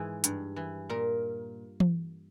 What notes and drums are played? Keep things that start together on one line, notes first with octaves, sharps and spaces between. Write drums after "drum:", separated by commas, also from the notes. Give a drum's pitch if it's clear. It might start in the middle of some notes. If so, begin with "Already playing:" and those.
Already playing: G#2 E3 G#4
G2, drum: hi-hat
E3
A#2 A#4
drum: tom E3